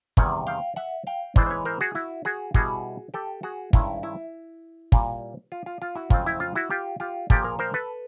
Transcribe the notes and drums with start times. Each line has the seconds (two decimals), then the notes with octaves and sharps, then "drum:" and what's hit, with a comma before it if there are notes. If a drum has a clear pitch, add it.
0.17 E2 C3 D#3 G3 F#5 G#5, drum: kick
0.47 F5 G5
0.76 E5 F#5
1.07 F5 G5
1.36 G#2 E3 G#3 B3 E4 C5 D5, drum: kick
1.46 C5
1.50 B4 C#5
1.65 A#4 C5
1.81 F#4 G#4
1.95 E4 F#4
2.25 F#4 G#4
2.54 B2 G3 B3 E4 F#4 G#4, drum: kick
3.14 G4 A4
3.43 F#4 G#4
3.73 G2 D#3 G#3 C#4 E4, drum: kick
4.03 E4
4.92 A#2 G3 A#3, drum: kick
5.52 F4
5.66 F4
5.82 F4
5.96 E4 F#4
6.10 F2 C#3 F#3 A3 C4 F4, drum: kick
6.26 E4
6.40 F4
6.55 E4 F#4
6.70 F4 G4
7.00 F4 G4
7.30 A#2 F3 A#3 G4 A4, drum: kick
7.44 G#4 A#4
7.59 A#4 C5
7.74 A4 B4